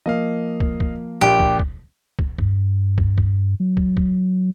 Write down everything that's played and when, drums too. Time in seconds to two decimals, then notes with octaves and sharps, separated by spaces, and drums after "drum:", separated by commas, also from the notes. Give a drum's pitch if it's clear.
0.06 F3 A#3 D#5 F5
0.60 drum: kick
0.80 drum: kick
1.21 A#1 A#2 G4
1.40 drum: kick
1.59 drum: kick
2.19 drum: kick
2.38 G2, drum: kick
2.98 drum: kick
3.18 drum: kick
3.60 F#3
3.77 drum: kick
3.97 drum: kick